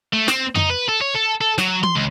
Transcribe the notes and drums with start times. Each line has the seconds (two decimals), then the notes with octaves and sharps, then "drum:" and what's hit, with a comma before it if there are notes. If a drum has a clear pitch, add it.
0.13 A3
0.28 C4, drum: snare
0.56 D#4, drum: tom F2
0.70 B4
0.89 A4
1.01 C#5
1.15 A4
1.41 A4
1.58 F#3, drum: snare
1.83 C6, drum: tom E3
1.96 C#2